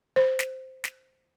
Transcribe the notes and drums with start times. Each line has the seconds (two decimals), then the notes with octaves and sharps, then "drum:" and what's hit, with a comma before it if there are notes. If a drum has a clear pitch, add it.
0.16 C5
0.39 drum: snare
0.84 drum: snare